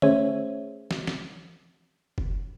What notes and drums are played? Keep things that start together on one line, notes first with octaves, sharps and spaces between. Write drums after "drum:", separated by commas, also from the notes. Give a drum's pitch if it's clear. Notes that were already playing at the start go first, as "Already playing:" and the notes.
A3 C#4 G#4 C5 C#5 E5, drum: tom D3
drum: snare
drum: snare
drum: kick F1